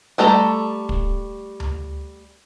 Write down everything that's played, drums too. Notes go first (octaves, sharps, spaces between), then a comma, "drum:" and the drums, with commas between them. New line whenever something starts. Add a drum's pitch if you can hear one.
G3 A3 A4 A#5
drum: kick
drum: tom D2